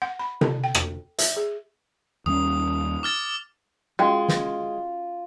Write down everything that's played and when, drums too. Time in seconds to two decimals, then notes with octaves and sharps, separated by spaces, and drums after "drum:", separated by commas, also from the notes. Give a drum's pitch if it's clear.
0.02 F#5
0.19 B5
0.41 A4, drum: tom C3
0.64 G5
0.75 drum: rim click
1.18 E5, drum: hi-hat
1.37 G#4
2.26 D#2 G3 C#4 D#6
3.03 D6 F6 A6
3.99 G#3 C#4 F4 F#4 G5
4.28 drum: snare